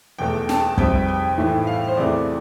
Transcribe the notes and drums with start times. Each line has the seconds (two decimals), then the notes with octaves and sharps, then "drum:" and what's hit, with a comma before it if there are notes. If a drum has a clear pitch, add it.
0.19 E2 B2 A3 G5
0.49 A5, drum: snare
0.78 F2 C3 G3 G5, drum: kick
1.08 G5
1.38 A2 E3 A3
1.67 F5
1.88 C5
1.97 E2 C3 E3 A3 D5